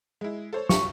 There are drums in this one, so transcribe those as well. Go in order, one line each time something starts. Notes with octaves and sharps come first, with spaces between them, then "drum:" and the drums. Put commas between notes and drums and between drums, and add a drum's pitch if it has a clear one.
G#3 E4
A4 C5 C#5
F4 G4 E5 C#6, drum: snare